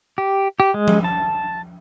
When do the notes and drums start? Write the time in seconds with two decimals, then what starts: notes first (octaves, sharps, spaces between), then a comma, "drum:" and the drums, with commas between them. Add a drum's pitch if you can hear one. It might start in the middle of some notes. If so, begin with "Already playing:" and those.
0.18 G4
0.60 G4
0.74 G#3
0.88 drum: tom F3
1.04 A5